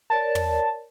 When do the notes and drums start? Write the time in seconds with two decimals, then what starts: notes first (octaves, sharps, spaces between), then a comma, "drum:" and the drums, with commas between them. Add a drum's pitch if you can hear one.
0.10 A#4 C#5 D5 A5
0.35 drum: tom